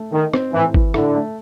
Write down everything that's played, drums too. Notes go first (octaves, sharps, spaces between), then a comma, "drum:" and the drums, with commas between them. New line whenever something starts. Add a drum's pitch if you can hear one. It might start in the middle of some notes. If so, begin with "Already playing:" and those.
Already playing: A3
D#3 D#4
C4, drum: rim click
A2 E3
E3, drum: kick
A2 D3, drum: rim click
A3